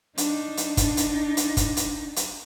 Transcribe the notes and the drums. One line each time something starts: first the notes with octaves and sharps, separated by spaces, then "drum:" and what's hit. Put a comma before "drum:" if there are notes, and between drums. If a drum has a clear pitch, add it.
D4 D#4, drum: hi-hat
drum: hi-hat
drum: kick, hi-hat
drum: hi-hat
drum: hi-hat
drum: kick, hi-hat
drum: hi-hat
drum: hi-hat